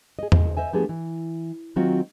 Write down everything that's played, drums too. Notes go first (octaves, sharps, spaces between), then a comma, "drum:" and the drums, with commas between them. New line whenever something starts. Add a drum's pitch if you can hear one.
G#4 D#5
G#4 C5 D#5, drum: tom E2
C5 D#5 E5 G#5
F3 A3 B3 D4 G4 G#4
E3
D#3 F#3 C4 F4 F#4